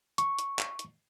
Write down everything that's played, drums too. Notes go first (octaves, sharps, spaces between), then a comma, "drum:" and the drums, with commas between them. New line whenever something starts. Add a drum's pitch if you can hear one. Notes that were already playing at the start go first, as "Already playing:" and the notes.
C#6, drum: hi-hat
drum: hi-hat
drum: clap
drum: hi-hat